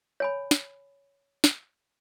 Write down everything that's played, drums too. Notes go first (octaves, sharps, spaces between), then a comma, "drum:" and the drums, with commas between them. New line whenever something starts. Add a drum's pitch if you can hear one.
C#5 G#5 B5
drum: snare
drum: snare